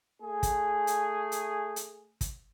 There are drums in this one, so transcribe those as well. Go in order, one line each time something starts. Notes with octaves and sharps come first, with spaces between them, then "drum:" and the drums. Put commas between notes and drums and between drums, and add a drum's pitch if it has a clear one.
A3 G#4
drum: kick, hi-hat
drum: hi-hat
drum: hi-hat
drum: hi-hat
drum: kick, hi-hat